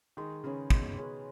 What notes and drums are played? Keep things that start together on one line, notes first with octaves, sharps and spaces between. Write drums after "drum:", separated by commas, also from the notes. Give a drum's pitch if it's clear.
D#3 G#3
C#3 C#4 G#4 B4
B2 G#3, drum: kick
C#4 G#4 B4